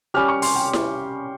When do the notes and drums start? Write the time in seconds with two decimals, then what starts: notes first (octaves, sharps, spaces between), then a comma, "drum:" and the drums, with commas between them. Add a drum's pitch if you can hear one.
0.14 G3 C#4 G4 F6
0.28 C#6
0.42 C6, drum: open hi-hat
0.56 G5
0.73 drum: snare E4